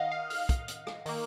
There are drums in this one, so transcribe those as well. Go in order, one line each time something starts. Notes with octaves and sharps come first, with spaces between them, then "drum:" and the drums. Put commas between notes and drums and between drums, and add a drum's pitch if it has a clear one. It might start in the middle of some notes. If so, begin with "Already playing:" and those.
Already playing: D#3 D#5 F5 F#5
F5
F5, drum: open hi-hat
drum: kick, hi-hat
drum: hi-hat
drum: rim click
D#3 A#3, drum: open hi-hat